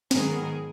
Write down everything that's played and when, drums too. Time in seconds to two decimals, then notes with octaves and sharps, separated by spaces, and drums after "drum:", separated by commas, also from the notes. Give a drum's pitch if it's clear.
0.11 G#2 D#3 F#3 B3 G#4 A#4, drum: snare